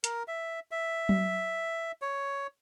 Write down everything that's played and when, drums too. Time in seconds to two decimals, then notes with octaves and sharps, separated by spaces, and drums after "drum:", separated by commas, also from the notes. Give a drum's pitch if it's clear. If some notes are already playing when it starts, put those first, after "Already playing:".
0.04 A#4, drum: hi-hat
0.28 E5
0.71 E5
1.09 drum: tom F#3
2.02 C#5